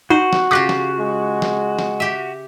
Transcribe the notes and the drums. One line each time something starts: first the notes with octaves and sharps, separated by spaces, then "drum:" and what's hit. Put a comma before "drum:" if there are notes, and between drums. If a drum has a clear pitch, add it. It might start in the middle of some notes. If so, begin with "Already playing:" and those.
D#4 F#4 C5
drum: snare
C#3 F4 G4 D6 F#6 A#6
drum: snare
G#3
drum: snare
drum: snare
G4 E5